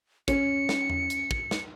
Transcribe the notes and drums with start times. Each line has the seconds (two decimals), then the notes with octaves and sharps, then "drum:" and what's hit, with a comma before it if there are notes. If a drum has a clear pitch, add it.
0.28 C#4 C#7, drum: kick, hi-hat
0.69 drum: snare
0.90 drum: tom E2
1.10 drum: hi-hat
1.31 drum: kick
1.51 drum: snare